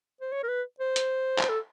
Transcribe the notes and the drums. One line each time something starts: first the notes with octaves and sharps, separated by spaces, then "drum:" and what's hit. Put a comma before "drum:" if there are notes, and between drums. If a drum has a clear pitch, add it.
C5
C#5
A#4
B4
C5
drum: hi-hat
drum: clap
A4